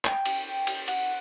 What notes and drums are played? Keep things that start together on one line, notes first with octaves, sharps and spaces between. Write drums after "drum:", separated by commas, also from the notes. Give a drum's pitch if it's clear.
G5, drum: clap
drum: cymbal
drum: cymbal
F#5, drum: cymbal